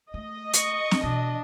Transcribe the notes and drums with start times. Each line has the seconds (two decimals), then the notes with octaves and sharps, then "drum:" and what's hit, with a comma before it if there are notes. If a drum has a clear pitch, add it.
0.14 A3 D#5
0.54 C#6, drum: hi-hat
0.91 drum: snare C4
1.03 B2 E3 D4